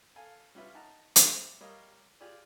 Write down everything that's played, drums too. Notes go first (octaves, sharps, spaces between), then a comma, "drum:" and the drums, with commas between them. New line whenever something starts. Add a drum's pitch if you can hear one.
A4 F5 G#5
G3 C#4 F4 B4 E5
D#4 F#5 A5 A#5
G3 A3 G4, drum: hi-hat
G3 A#4 C#5 D#5 F5
F4 G4 G#4 D5 G#5